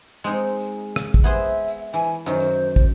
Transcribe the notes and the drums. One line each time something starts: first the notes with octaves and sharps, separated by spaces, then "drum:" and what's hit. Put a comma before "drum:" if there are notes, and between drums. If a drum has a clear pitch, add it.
G#3 C4 D#4, drum: tambourine
drum: tambourine
drum: rim click
drum: kick
B3 G#4 C5 E5
drum: tambourine
E3 G#5
drum: tambourine
F#2 D#3 C5
drum: tambourine
drum: kick, tambourine